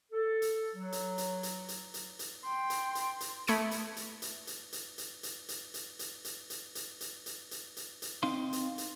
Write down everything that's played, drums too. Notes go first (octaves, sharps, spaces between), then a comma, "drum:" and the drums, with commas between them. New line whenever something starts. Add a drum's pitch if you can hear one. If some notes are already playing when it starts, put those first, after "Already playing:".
A4
drum: hi-hat
F#3
drum: hi-hat
drum: hi-hat
drum: hi-hat
drum: hi-hat
drum: hi-hat
drum: hi-hat
G5 C6
drum: hi-hat
drum: hi-hat
drum: hi-hat
A3 B5 D#6 G#6 C#7 D7, drum: hi-hat
drum: hi-hat
drum: hi-hat
drum: hi-hat
drum: hi-hat
drum: hi-hat
drum: hi-hat
drum: hi-hat
drum: hi-hat
drum: hi-hat
drum: hi-hat
drum: hi-hat
drum: hi-hat
drum: hi-hat
drum: hi-hat
drum: hi-hat
drum: hi-hat
drum: hi-hat
drum: hi-hat
C4 D#4 F5 C6
drum: hi-hat
drum: hi-hat